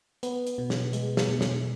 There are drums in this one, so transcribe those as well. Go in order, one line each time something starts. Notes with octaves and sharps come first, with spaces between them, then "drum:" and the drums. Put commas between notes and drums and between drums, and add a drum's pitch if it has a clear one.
B3, drum: hi-hat
drum: hi-hat
B2
drum: snare
G#3, drum: hi-hat
drum: snare
B2
drum: snare